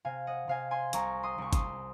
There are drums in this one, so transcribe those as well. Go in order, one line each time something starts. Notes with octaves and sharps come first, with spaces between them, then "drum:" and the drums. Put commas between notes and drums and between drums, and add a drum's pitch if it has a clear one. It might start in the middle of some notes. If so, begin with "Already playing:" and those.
C3 F5 G#5
D#5 F#5
C3 F5 G#5
G#5 C6
C2 A#5 C#6, drum: hi-hat
C6 D#6
C2 C#6
C6 D#6, drum: kick, hi-hat